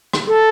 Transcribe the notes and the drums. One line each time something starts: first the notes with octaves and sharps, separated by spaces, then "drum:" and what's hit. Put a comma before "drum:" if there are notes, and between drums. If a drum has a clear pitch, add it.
drum: rim click
A4